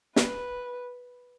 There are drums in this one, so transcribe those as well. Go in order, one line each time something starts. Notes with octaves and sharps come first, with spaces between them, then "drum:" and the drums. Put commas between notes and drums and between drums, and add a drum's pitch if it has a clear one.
B4, drum: snare